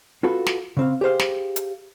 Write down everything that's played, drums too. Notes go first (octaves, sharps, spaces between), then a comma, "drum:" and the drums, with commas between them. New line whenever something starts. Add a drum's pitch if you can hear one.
F4 F#4 A4 B4
drum: snare
C#3 C4 F5
G4 G#4 C5 F5
drum: snare
drum: hi-hat